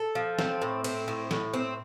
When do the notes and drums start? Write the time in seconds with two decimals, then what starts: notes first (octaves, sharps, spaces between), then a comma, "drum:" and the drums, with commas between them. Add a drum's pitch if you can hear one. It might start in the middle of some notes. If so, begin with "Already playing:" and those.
Already playing: A4
0.15 F3
0.39 C4, drum: snare
0.62 A2
0.84 C4, drum: cymbal
1.08 A2
1.31 A2, drum: snare
1.53 C4